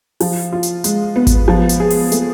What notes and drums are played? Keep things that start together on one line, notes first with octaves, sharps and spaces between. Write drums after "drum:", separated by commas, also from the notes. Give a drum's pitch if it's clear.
F3, drum: open hi-hat
F4
drum: hi-hat
G#3, drum: hi-hat
B3
drum: kick G#1, hi-hat
F3
drum: hi-hat
G#4
drum: open hi-hat
A3, drum: hi-hat